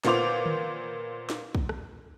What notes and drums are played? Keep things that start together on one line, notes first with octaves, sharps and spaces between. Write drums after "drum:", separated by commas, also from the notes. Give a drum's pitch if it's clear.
A#2 B3 F4 C5 D6 F7, drum: snare
drum: tom D3
drum: snare
drum: kick
drum: rim click